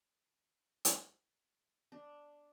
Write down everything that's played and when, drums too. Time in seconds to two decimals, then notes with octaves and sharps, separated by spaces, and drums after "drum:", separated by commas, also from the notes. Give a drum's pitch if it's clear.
0.85 drum: hi-hat
1.92 D4